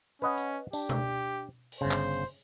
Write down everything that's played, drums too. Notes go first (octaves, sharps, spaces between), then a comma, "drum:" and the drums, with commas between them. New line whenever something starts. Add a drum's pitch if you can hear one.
C#4 B4 D#5 F#5
drum: hi-hat
D4 G4, drum: tambourine
drum: tom B2
drum: open hi-hat
G1 C#3 C5
drum: clap